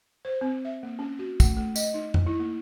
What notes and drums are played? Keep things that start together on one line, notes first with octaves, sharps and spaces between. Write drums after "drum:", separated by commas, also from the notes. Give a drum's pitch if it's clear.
C5
C4
E5
A#3
C#4
F#4
A3, drum: kick, tambourine
A3
D#5, drum: tambourine
D#4
drum: tom F2
E4
A#3